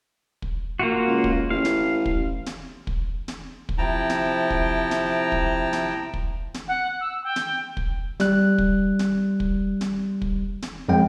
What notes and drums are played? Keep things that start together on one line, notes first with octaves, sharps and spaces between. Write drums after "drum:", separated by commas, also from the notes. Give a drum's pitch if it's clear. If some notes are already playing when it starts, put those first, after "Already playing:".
drum: kick
A#3 F4 F#4
C#2
drum: kick
A1 F5
drum: snare
drum: kick
drum: snare
drum: kick
drum: snare
drum: kick
C3 F3 E4 G5 A5 A#5
drum: snare
drum: kick
drum: snare
drum: kick
drum: snare
drum: kick
drum: snare
F#5
E6
G5
drum: snare
drum: kick
G3 F#6, drum: snare
drum: kick
drum: snare
drum: kick
drum: snare
drum: kick
drum: snare
F2 G#3 G5